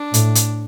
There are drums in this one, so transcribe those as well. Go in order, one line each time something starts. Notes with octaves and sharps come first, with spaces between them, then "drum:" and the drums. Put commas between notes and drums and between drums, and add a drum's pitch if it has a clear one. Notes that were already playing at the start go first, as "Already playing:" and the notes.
Already playing: D4
A2, drum: hi-hat
drum: hi-hat